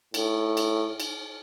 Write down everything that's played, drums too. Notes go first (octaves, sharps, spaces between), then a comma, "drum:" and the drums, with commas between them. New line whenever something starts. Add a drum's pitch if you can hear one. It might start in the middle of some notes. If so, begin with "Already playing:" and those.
A2, drum: cymbal
drum: cymbal
drum: cymbal